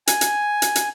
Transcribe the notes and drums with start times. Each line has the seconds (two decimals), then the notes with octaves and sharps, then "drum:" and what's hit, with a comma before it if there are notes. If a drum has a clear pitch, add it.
0.07 G#5, drum: hi-hat
0.21 drum: hi-hat
0.62 drum: hi-hat
0.75 drum: hi-hat